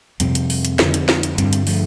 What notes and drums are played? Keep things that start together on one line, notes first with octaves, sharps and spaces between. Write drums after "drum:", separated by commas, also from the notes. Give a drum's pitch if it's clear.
F2 C3 G3 C4, drum: hi-hat
drum: hi-hat
drum: open hi-hat
drum: hi-hat
F2 D3, drum: snare
drum: hi-hat
drum: snare
drum: hi-hat
G2 D3 G3 C4, drum: hi-hat
drum: hi-hat
F3 A3, drum: open hi-hat